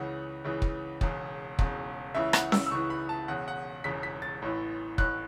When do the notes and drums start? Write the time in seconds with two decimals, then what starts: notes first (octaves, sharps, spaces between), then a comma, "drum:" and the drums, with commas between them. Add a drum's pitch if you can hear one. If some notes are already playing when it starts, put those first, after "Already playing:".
Already playing: C#2 C#3 E3 F#5
0.44 C#2 C#3 E3
0.62 drum: kick
1.01 E1 E2 C#3, drum: kick
1.59 E1 E2 C#3, drum: kick
2.15 C#2 C#3 E3 E5
2.33 F#5, drum: rim click
2.52 E6, drum: snare C#4
2.66 E6
2.71 C#2 C#3 E3 C#6
2.90 B5
3.09 A5
3.28 E1 E2 C#3 F#5
3.48 F#5
3.84 E1 E2 C#3 B6
4.03 B6
4.22 A6
4.42 A1 A2 E3
4.98 A1 A2 E3 F#6, drum: kick